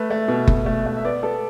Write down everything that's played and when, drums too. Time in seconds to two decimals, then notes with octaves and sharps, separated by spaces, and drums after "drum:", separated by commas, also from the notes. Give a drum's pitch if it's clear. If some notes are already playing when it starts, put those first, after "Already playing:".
Already playing: A3 B4
0.10 A3
0.28 B2
0.47 B2, drum: kick F#1
0.66 A3
0.86 A3
0.97 E5
1.04 B3 D5
1.23 B3 A4